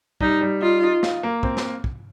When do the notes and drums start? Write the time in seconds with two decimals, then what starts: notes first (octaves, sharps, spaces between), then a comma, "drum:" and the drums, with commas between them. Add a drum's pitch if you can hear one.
0.21 G3 D#4, drum: kick
0.41 G3
0.61 D#4 F4
0.83 D#4
1.03 F4, drum: snare
1.23 A#3
1.43 C4, drum: kick
1.57 drum: snare
1.84 drum: kick